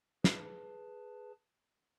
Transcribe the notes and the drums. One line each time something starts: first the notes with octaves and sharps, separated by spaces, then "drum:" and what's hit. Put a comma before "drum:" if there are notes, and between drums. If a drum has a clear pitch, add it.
G#4 B4 A5, drum: snare